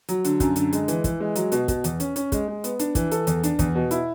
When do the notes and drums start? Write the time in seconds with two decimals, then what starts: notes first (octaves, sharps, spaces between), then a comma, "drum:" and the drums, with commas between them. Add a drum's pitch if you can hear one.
0.09 F#3, drum: hi-hat
0.25 D3, drum: hi-hat
0.40 F#2, drum: kick, hi-hat
0.56 D3, drum: hi-hat
0.73 G#3, drum: hi-hat
0.88 E3, drum: hi-hat
1.04 E3, drum: kick, hi-hat
1.20 G#3
1.36 F#3, drum: hi-hat
1.52 B2, drum: hi-hat
1.68 B2, drum: kick, hi-hat
1.84 E2, drum: hi-hat
2.00 C#4, drum: hi-hat
2.16 C#4, drum: hi-hat
2.32 G#3, drum: kick, hi-hat
2.48 G#3
2.64 B3, drum: hi-hat
2.79 D4, drum: hi-hat
2.95 E3, drum: kick, hi-hat
3.12 A4, drum: hi-hat
3.27 E2, drum: hi-hat
3.44 D4, drum: hi-hat
3.59 E2, drum: kick, hi-hat
3.75 B2
3.91 E4, drum: hi-hat